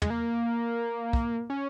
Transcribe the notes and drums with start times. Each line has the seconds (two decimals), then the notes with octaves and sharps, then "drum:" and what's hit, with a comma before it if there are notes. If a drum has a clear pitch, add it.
0.02 G#3, drum: tom
0.10 A#3
1.13 drum: kick
1.50 C#4